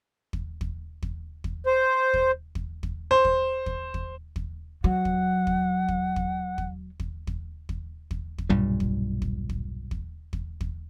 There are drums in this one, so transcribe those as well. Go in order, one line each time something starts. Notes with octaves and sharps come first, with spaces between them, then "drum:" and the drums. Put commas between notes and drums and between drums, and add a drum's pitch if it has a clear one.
drum: kick
drum: kick
drum: kick
drum: kick
C5
drum: kick
drum: kick
drum: kick
C5
drum: kick
drum: kick
drum: kick
drum: kick
F#3 F#5
drum: kick
drum: kick
drum: kick
drum: kick
drum: kick
drum: kick
drum: kick
drum: kick
drum: kick
drum: kick
B1 G2 A#2 G3
drum: kick
drum: kick
drum: kick
drum: kick
drum: kick
drum: kick